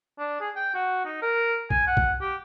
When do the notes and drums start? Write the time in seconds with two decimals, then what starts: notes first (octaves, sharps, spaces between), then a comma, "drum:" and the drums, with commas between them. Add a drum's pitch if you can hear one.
0.19 D4
0.40 G#4
0.56 G5
0.75 F#4
1.05 D#4
1.22 A#4
1.70 G#5, drum: kick A#1
1.87 F#5
1.97 drum: kick A#1
2.21 G4